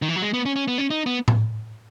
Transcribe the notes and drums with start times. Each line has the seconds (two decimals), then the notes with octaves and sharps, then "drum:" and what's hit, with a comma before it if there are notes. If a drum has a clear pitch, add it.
0.02 D#3
0.09 E3
0.16 F#3
0.22 G#3
0.34 B3
0.45 C#4
0.56 C#4
0.68 B3
0.78 C#4
0.90 D#4
1.06 B3
1.28 drum: tom A2